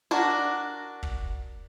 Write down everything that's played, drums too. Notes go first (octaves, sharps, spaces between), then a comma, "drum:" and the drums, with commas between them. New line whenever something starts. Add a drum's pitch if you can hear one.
D4 F#4 A#4
drum: kick